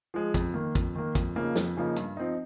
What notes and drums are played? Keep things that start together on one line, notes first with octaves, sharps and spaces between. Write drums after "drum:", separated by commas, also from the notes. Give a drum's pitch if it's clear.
F3 G#3
F2, drum: kick, hi-hat
D#3 A#3
F2, drum: kick, hi-hat
D#3 A#3
F2, drum: kick, hi-hat
C#3 F3 A#3 D#4
F2, drum: snare
C#3 F3 A#3 D#4
G2, drum: hi-hat
F3 C4 D#4